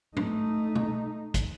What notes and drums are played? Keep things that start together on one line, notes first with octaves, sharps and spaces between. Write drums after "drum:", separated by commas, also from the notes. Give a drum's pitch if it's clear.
A3 D#4, drum: tom
drum: tom
drum: kick, hi-hat